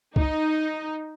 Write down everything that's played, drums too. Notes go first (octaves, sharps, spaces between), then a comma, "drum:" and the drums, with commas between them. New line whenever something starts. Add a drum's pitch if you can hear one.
D#4, drum: kick